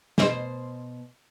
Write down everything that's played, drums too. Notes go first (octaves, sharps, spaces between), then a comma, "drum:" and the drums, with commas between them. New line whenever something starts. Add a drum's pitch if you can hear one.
B2 C5, drum: snare